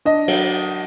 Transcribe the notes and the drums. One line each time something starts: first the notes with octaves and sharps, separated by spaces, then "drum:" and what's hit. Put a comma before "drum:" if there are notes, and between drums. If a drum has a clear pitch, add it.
D4 D#5
F#3, drum: cymbal